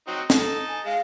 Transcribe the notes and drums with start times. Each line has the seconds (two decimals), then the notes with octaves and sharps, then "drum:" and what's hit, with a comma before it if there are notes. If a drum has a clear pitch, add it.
0.07 F#3 C4 D#4
0.30 D#4 A4 A5, drum: snare
0.68 G#5
0.85 G#3 F5